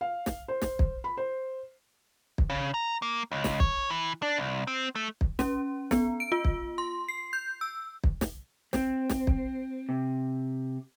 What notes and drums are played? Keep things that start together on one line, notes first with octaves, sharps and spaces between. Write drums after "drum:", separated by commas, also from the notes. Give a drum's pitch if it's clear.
F5
drum: snare
C5
drum: snare
drum: kick
B5
C5
drum: kick
C#3
A#5
A#3
C#2
drum: snare
C#5, drum: kick
E3
D4
C2
C4
A3
drum: kick
C#4, drum: snare
B3, drum: snare
D7
F4
drum: kick
C6
C7
G6
E6
drum: kick
drum: snare
C4, drum: snare
drum: snare
drum: kick
C3